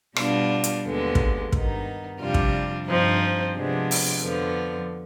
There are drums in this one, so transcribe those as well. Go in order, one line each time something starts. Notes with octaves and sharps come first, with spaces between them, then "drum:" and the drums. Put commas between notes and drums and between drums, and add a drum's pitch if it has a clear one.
B2 G3 B3 D4 F4, drum: rim click
drum: hi-hat
D#2 D3 G#3 B3
drum: kick
G2 D#3 B3 D#4, drum: kick
F2 C3 G3 D4 F4
drum: kick
G2 F3 C4 D#4
C3 F3 G#3 B3 D4
drum: open hi-hat
F2 D3 F3 B3